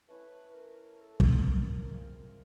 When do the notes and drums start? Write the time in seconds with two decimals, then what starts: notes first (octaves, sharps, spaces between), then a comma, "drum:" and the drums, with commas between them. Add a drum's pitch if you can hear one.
0.08 A3 C#4 E4 B4
0.54 A#4
1.00 A4
1.20 drum: kick
1.45 A#4
1.91 G#3 C4 F4